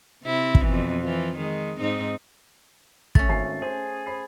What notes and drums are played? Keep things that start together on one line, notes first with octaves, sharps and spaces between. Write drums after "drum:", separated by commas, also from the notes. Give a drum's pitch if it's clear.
C3 C4 E4
drum: kick
F2 B2 E3
E3 F3
D#3 G#3
G#2 C4 D#4
A3 C#4 A6, drum: kick
G#1 G#5 C7
G#4 C5
C5 B5 C7